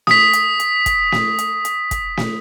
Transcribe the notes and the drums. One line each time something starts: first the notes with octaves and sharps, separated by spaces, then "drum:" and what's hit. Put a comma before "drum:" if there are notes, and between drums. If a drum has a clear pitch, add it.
D#6 B6, drum: snare
drum: hi-hat
drum: hi-hat
drum: kick, hi-hat
drum: snare
drum: hi-hat
drum: hi-hat
drum: kick, hi-hat
drum: snare